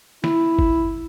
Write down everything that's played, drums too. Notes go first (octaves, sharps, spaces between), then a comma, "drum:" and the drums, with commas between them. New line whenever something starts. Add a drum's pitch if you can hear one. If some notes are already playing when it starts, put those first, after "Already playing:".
E4, drum: snare
drum: kick G1